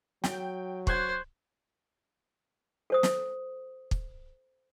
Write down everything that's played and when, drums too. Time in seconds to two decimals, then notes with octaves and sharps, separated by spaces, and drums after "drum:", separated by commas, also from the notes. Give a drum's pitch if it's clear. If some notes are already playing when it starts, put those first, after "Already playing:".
0.24 F#3 G5, drum: snare
0.87 C5 C#6 F#6 G#6, drum: kick
2.90 A4 C5 D#6
3.03 drum: snare
3.91 drum: kick